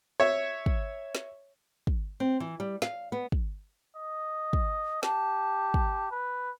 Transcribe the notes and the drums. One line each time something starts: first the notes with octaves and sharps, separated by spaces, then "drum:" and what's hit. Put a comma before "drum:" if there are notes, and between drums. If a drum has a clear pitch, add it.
C#5 E5
drum: kick
drum: snare
drum: kick
C4
E3
G3
F5, drum: snare
B3
drum: kick
D#5
drum: kick
G4 A5, drum: snare
drum: kick
B4